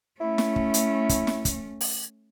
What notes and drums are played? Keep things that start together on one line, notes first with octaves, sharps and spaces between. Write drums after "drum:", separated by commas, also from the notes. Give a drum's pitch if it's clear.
A3 C#4 E4
drum: snare
drum: kick
drum: hi-hat
drum: kick, hi-hat
drum: snare
drum: kick, hi-hat
drum: open hi-hat